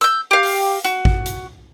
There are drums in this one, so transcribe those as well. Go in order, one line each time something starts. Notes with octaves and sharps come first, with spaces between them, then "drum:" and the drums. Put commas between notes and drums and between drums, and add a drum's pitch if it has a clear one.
E6 G6, drum: hi-hat
G4 F5
drum: open hi-hat
F#4, drum: hi-hat
drum: kick
drum: hi-hat